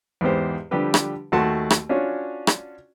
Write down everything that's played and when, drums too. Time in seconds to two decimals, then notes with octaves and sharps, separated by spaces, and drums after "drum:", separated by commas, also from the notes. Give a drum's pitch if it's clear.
0.21 E2 G#2 B3 G4 C5
0.71 D3 F3 G3 G4 B4
0.94 drum: rim click
1.32 D#2 A3 F#4 F#5 A5 C6
1.70 drum: rim click
1.89 C#4 D4 F4 F#4 C#5
2.47 drum: rim click